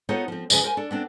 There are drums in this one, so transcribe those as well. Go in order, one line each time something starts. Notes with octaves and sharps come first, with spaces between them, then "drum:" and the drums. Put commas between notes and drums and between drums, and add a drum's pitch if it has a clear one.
B3 D#4 F4 A4 C5 C#5
F3 C4
F2 C#3 B4 G#5, drum: tambourine
A#4 C5 G#5
D4 A4
B3 C4 D4